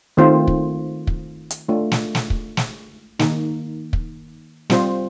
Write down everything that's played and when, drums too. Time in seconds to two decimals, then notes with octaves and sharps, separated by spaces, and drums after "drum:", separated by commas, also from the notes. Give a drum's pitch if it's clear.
0.17 D#3 A3 C4 F4 C5
0.47 drum: kick
1.07 drum: kick
1.50 drum: hi-hat
1.68 A3 D4 F4
1.91 drum: snare
2.15 drum: snare
2.30 drum: kick
2.57 drum: snare
3.19 D#3 A#3 D#4, drum: snare
3.93 drum: kick
4.70 G3 C4 F4 C5, drum: snare